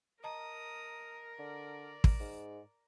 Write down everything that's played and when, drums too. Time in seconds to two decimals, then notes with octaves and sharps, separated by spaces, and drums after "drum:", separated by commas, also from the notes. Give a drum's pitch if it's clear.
0.24 A#4 D#5 A5 A#5 D#6
1.39 D3 D5
2.04 drum: kick
2.20 G#2